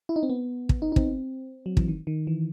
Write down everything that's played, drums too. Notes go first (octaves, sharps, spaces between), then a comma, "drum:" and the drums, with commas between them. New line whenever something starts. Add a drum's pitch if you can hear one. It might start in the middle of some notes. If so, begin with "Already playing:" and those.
E4
D#4
C4
B3
drum: kick
D#4
D#4
C4, drum: kick
F#3
E3, drum: kick
D#3
D#3
E3